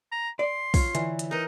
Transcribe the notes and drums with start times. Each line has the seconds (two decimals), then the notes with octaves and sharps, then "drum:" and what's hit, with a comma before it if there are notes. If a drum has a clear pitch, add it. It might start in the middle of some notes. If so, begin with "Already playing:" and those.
0.12 A#5
0.39 D5 C6
0.74 F4 C#5, drum: kick, open hi-hat
0.95 D3 E3, drum: hi-hat
1.19 drum: hi-hat
1.31 D#4 A#4 B4